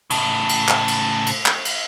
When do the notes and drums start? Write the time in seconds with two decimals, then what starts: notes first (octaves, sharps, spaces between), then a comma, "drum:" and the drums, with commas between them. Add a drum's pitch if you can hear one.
0.10 A2 C#3, drum: cymbal
0.49 drum: cymbal
0.68 drum: clap
0.88 drum: cymbal
1.26 drum: cymbal
1.46 drum: clap
1.65 drum: cymbal